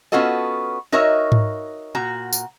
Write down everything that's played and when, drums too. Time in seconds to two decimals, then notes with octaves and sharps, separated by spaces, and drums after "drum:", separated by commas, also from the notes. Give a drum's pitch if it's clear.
0.12 B3 C#4 F4 F#4 A4 D#5
0.92 D#4 F#4 A#4 C#5 D#5 E5
1.32 drum: tom G#2
1.95 A#2 F#4 A#5
2.33 drum: tambourine